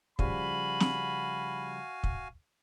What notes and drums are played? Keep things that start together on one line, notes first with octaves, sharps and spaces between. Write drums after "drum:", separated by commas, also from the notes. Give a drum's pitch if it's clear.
C#3 F3 G3 F#4 F5 G#5 B5, drum: kick
drum: snare
drum: kick